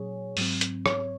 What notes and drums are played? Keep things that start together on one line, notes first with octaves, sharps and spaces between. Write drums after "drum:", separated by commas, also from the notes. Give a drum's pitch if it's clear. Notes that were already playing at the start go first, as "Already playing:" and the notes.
Already playing: A#2 F#3 C#4 G#4 C#5
G#2 F#3 C4, drum: open hi-hat
drum: hi-hat
C#5, drum: rim click